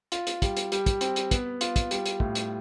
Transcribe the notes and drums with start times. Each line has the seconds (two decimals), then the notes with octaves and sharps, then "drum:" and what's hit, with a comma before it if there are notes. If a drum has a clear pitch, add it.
0.12 F4, drum: hi-hat
0.27 drum: hi-hat
0.42 G3, drum: kick, hi-hat
0.57 drum: hi-hat
0.72 G3, drum: hi-hat
0.86 drum: kick, hi-hat
1.01 C4, drum: hi-hat
1.16 drum: hi-hat
1.31 B3, drum: kick, hi-hat
1.61 F4, drum: hi-hat
1.76 drum: kick, hi-hat
1.91 G3, drum: hi-hat
2.06 drum: hi-hat
2.20 A2, drum: kick
2.35 drum: hi-hat